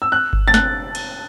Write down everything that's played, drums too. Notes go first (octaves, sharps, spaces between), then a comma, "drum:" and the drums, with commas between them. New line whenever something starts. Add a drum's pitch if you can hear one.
E6
F#6
drum: kick G1
A6
F#6, drum: snare
drum: cymbal